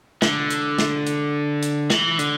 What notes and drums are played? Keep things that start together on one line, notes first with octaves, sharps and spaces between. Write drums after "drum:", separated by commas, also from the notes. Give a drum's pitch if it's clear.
D3, drum: snare
drum: hi-hat
drum: snare
drum: hi-hat
drum: hi-hat
E3, drum: snare
D3, drum: hi-hat